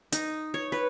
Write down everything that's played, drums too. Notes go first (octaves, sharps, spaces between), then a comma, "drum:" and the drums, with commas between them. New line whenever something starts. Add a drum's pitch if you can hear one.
D#4, drum: hi-hat
C#5
B4